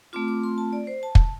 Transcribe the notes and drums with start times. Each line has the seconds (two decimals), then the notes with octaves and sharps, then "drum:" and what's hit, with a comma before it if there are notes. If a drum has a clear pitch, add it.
0.13 A3 C4 F4 D6
0.28 D6
0.43 C6
0.58 A5
0.73 D5
0.87 C5
1.03 A5
1.15 drum: kick